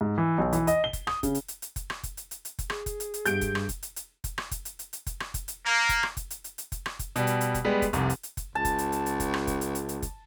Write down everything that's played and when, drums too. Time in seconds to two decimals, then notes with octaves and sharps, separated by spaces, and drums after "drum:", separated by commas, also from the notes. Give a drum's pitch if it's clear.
0.01 G#2
0.18 E3
0.38 B1
0.53 E3, drum: hi-hat
0.67 D#5, drum: hi-hat
0.84 G7
0.93 drum: kick F#1, hi-hat
1.07 D#6, drum: rim click
1.23 C#3, drum: kick F#1, hi-hat
1.35 drum: hi-hat
1.48 drum: hi-hat
1.62 drum: hi-hat
1.76 drum: kick F#1, hi-hat
1.90 drum: rim click
2.03 drum: kick F#1, hi-hat
2.17 drum: hi-hat
2.31 drum: hi-hat
2.45 drum: hi-hat
2.59 drum: kick F#1, hi-hat
2.70 G#4, drum: rim click
2.86 drum: kick F#1, hi-hat
3.00 drum: hi-hat
3.14 drum: hi-hat
3.25 G2 G4 G6 D7, drum: hi-hat
3.41 drum: kick F#1, hi-hat
3.55 drum: rim click
3.69 drum: kick F#1, hi-hat
3.83 drum: hi-hat
3.96 drum: hi-hat
4.24 drum: kick F#1, hi-hat
4.38 drum: rim click
4.51 drum: kick F#1, hi-hat
4.65 drum: hi-hat
4.79 drum: hi-hat
4.93 drum: hi-hat
5.07 drum: kick F#1, hi-hat
5.20 drum: rim click
5.34 drum: kick F#1, hi-hat
5.48 drum: hi-hat
5.65 A#3
5.89 drum: kick F#1, hi-hat
6.03 drum: rim click
6.17 drum: kick F#1, hi-hat
6.30 drum: hi-hat
6.44 drum: hi-hat
6.58 drum: hi-hat
6.72 drum: kick F#1, hi-hat
6.86 drum: rim click
6.99 drum: kick F#1, hi-hat
7.16 B2 G3, drum: hi-hat
7.27 drum: hi-hat
7.41 drum: hi-hat
7.54 drum: kick F#1, hi-hat
7.65 G3 G#3 B3
7.82 drum: kick F#1, hi-hat
7.93 F1 C2, drum: hi-hat
8.10 drum: hi-hat
8.23 drum: hi-hat
8.37 drum: kick F#1, hi-hat
8.55 C#2 A5
8.65 drum: kick F#1, hi-hat
8.78 drum: hi-hat
8.92 drum: hi-hat
9.06 drum: hi-hat
9.20 drum: kick F#1, hi-hat
9.34 drum: rim click
9.47 drum: kick F#1, hi-hat
9.61 drum: hi-hat
9.75 drum: hi-hat
9.89 drum: hi-hat
10.02 drum: kick F#1, hi-hat